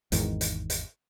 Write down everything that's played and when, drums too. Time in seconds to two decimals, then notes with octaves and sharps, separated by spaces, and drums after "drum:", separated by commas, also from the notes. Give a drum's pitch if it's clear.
0.12 G#1 E2 G#2 D#3, drum: hi-hat
0.41 drum: hi-hat
0.70 drum: hi-hat